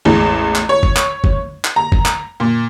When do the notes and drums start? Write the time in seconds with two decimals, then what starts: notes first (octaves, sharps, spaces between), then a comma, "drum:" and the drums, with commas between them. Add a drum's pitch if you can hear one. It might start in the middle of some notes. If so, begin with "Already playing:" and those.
0.05 A1 E2 G#3
0.56 drum: clap
0.69 C#5
0.83 drum: kick
0.96 drum: clap
1.24 drum: kick
1.65 drum: clap
1.76 A#5
1.92 drum: kick
2.06 drum: clap
2.40 A#2